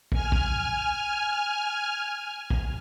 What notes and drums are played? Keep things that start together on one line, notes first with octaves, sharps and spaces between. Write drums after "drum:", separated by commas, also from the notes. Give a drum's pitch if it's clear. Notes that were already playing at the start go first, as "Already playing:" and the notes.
G#5 F6, drum: kick
drum: kick
drum: kick